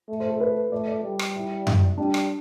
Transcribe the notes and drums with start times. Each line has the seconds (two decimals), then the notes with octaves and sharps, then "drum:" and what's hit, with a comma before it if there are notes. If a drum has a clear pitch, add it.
0.09 A3
0.20 C5
0.30 A4
0.40 B4
0.72 A3 D5
0.87 D5
1.03 G3
1.19 drum: rim click
1.36 E4
1.67 drum: tom F#2
1.98 G3 D4
2.14 drum: rim click